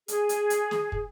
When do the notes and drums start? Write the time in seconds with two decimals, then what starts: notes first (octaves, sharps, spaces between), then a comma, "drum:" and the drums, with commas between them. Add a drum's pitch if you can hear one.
0.08 G#4, drum: hi-hat
0.29 drum: hi-hat
0.50 drum: hi-hat
0.71 drum: snare
0.92 drum: kick